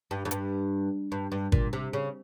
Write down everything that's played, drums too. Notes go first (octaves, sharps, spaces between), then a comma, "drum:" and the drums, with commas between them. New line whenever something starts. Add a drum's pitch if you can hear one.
G2
F2
G2, drum: hi-hat
G2
G2
A#2, drum: kick
C3
C#3